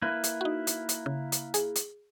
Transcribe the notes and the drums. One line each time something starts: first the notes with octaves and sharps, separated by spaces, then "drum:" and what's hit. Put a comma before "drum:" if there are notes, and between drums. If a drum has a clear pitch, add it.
A#3 E4 B4
drum: hi-hat
D#4 F#4
drum: hi-hat
drum: hi-hat
C#3
drum: hi-hat
G#4, drum: hi-hat
drum: hi-hat